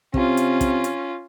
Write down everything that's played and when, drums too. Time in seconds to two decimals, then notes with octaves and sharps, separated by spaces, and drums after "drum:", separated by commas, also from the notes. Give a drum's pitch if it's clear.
0.14 C3 C#4 F4, drum: kick
0.37 drum: hi-hat
0.61 drum: kick, hi-hat
0.84 drum: hi-hat